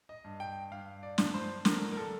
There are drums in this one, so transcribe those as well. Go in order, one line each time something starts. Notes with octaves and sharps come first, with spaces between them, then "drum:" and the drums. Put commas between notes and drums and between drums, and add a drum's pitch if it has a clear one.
D#5
G2
G5
G2 F5
D5
G2, drum: snare
C5
D3 A#4, drum: snare
A#4
A4